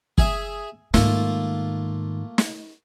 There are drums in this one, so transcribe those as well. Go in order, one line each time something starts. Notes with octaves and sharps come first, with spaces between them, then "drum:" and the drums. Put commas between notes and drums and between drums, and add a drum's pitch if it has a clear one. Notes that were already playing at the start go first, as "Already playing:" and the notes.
G#4 E5, drum: kick
G#2 D#3 A3 A#3 F4, drum: snare
drum: snare